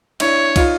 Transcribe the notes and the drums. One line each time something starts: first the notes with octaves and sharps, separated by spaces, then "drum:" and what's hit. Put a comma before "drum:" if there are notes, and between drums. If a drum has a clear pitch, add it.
D4 E4 C#5, drum: cymbal
D#4 F4, drum: kick, cymbal